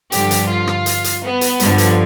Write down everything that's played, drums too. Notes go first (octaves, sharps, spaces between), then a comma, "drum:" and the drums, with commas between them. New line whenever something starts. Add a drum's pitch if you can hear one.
G2 D3 F3 G4, drum: hi-hat
drum: hi-hat
F4
drum: rim click
drum: hi-hat
drum: hi-hat
B3
drum: hi-hat
G2 D3 F3, drum: hi-hat
drum: hi-hat